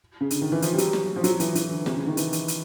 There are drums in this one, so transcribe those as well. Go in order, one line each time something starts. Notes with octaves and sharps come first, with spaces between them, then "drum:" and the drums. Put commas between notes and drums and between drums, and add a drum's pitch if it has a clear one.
C#3
D3, drum: hi-hat
D#3
E3
F3, drum: hi-hat
G3
F#3, drum: hi-hat
drum: snare
F3
F#3, drum: hi-hat
E3, drum: hi-hat
E3, drum: hi-hat
D3
C3, drum: snare
C#3
D#3
E3, drum: hi-hat
drum: hi-hat
drum: hi-hat